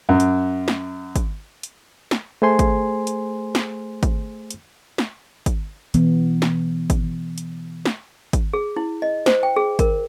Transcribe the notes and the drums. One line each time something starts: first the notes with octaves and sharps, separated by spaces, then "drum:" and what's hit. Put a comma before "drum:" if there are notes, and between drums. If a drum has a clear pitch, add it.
F#2
drum: hi-hat
drum: snare
drum: kick, hi-hat
drum: hi-hat
drum: snare
A3 G#4 C5 G#5 C6
drum: kick, hi-hat
drum: hi-hat
drum: snare
drum: kick, hi-hat
drum: hi-hat
drum: snare
drum: kick, hi-hat
B2 E3 B3, drum: hi-hat
drum: snare
drum: kick, hi-hat
drum: hi-hat
drum: snare
drum: kick, hi-hat
G#4
E4
D#5
C5, drum: snare
G5
G#4
A#4, drum: kick, hi-hat